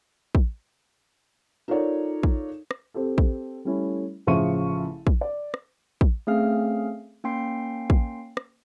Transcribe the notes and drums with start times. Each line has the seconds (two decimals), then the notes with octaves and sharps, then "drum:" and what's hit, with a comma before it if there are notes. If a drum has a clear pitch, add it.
0.35 drum: kick
1.68 D#4 F4 A4 A#4 C#5 D5
2.23 drum: kick
2.71 drum: rim click
2.94 C4 G4 A4
3.18 drum: kick
3.65 G3 A3 C#4 E4
4.27 A1 C#3 F3 E5 C#6 D#7
5.07 drum: kick
5.21 D5
5.54 drum: rim click
6.01 drum: kick
6.27 A3 C4 C#4 G#4 F5 F6
7.24 A#3 C#4 G5 C6 C7
7.90 drum: kick
8.37 drum: rim click